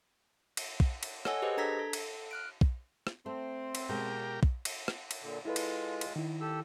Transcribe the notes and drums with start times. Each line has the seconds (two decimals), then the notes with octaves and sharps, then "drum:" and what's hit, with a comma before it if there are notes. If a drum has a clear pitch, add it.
0.57 drum: cymbal
0.80 drum: kick
1.03 drum: cymbal
1.25 A4 C#5 D#5 F#5 G#5 E6, drum: rim click
1.42 G4 G#4 B4 C5 D#5
1.57 D4 A4 A#5 G#6 A#6 B6
1.79 A4
1.93 drum: cymbal
2.31 F6 F#6 D7
2.61 drum: kick
3.07 drum: rim click
3.26 A3 C4
3.75 drum: cymbal
3.89 B2 G#3 G4 A#4
4.43 drum: kick
4.65 drum: cymbal
4.88 drum: rim click
5.11 drum: cymbal
5.22 A#2 D3
5.45 G#3 E4 F4 A4 B4
5.56 drum: cymbal
6.01 drum: cymbal
6.16 D#3 E4
6.41 G4 A4 E6